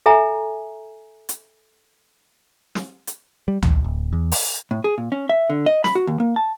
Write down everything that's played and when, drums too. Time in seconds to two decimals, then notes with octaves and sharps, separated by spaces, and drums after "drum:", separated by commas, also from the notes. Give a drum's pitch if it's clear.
0.06 A4 E5 G#5 A#5
1.29 drum: hi-hat
2.75 drum: snare
3.07 drum: hi-hat
3.48 G3
3.62 A#1, drum: tom D2
3.84 D1
4.13 E2
4.32 drum: open hi-hat
4.71 A2
4.84 G#4
4.98 A#2
5.12 C#4
5.29 E5
5.50 D3
5.66 D#5
5.84 B5, drum: snare
5.95 F#4
6.07 D#2
6.20 A#3
6.36 A5